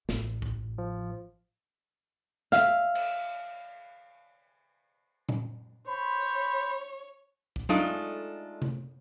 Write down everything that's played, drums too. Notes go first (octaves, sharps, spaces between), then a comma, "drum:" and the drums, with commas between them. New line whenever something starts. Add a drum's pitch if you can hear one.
A1, drum: snare
drum: kick
F3
E5 F5, drum: snare
drum: cymbal
drum: tom A#2
C5 C#5 B5
drum: kick
G#3 A3 D4 D#4 F4 A4, drum: tom
drum: tom C3